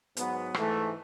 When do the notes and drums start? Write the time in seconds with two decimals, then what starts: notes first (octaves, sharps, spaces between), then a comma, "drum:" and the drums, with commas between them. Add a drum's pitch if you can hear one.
0.17 G#2 F#3 B3, drum: hi-hat
0.54 G#2 E3 A3, drum: rim click